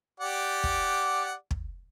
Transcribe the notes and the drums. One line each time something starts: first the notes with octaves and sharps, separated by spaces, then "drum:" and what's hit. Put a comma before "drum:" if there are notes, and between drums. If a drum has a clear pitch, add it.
G4 D5 F#5
drum: kick
drum: kick